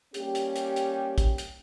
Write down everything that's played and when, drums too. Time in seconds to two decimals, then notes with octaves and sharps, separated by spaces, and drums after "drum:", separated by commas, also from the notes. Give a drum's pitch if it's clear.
0.14 G3 A#3 C#4 G4, drum: hi-hat
0.35 drum: hi-hat
0.56 drum: hi-hat
0.76 drum: hi-hat
1.18 drum: kick, hi-hat
1.38 drum: hi-hat